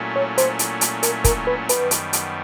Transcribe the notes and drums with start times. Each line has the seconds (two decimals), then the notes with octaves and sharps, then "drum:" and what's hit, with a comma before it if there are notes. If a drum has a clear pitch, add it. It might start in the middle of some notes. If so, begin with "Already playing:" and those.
Already playing: A#2 F#3 A3 C#4 E4
0.16 C#5
0.38 C5, drum: hi-hat
0.59 drum: hi-hat
0.81 drum: hi-hat
1.03 A#4, drum: hi-hat
1.24 A#4, drum: kick, hi-hat
1.47 B4
1.69 F#2 D#3 G3 B3 B4, drum: hi-hat
1.91 drum: hi-hat
2.13 drum: hi-hat